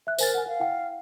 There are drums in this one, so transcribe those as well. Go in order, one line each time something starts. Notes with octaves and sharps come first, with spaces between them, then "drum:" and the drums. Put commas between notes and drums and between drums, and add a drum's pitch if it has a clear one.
E5 F#6
A#4 C5 G#5 A6, drum: tambourine
F#5 G#5
F5
E4 F#5 G5